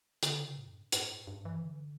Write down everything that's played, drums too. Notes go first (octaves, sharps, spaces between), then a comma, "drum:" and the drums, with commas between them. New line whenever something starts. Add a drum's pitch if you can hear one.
D3, drum: hi-hat
C#3
A2
F#2
G2
A2, drum: hi-hat
G2
G2
E3
D3